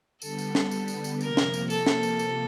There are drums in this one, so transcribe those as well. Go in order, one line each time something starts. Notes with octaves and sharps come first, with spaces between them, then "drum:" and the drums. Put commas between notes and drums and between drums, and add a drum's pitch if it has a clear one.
D3 G3 B3 A4, drum: tambourine
drum: tambourine
drum: snare
drum: tambourine
drum: tambourine
drum: tambourine
C3 F3 A#3 A#4, drum: tambourine
drum: snare
drum: tambourine
A4, drum: tambourine
drum: snare
drum: tambourine
drum: tambourine